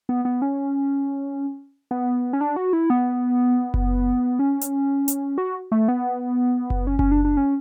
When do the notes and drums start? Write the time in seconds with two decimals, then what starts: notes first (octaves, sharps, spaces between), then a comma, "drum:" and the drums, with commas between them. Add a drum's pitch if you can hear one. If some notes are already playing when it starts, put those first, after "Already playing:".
0.09 B3
0.25 B3
0.42 C#4
1.91 B3
2.33 C#4
2.41 D4
2.56 F#4
2.73 E4
2.90 B3
3.74 drum: kick F#1
4.39 C#4
4.61 drum: hi-hat
5.08 drum: hi-hat
5.38 F#4
5.72 A3
5.88 B3
6.70 drum: kick F#1
6.87 C#4
6.99 C#4, drum: kick F#1
7.12 D4
7.25 D4
7.37 C#4